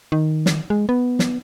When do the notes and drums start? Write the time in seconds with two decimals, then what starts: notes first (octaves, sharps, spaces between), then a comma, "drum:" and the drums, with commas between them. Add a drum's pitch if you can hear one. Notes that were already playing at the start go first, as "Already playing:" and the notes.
0.12 D#3
0.46 drum: snare
0.70 G#3
0.89 B3
1.19 drum: snare